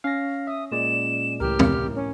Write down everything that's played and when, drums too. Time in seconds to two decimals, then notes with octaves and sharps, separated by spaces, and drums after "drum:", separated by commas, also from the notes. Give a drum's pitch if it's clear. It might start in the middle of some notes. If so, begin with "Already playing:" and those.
0.04 C#4 F5 A#6
0.47 E5 D#6
0.72 A#2 G#3 D5 E7
1.40 C#2 A2 E3 G4 A#4 F6
1.59 drum: tom
1.95 C#4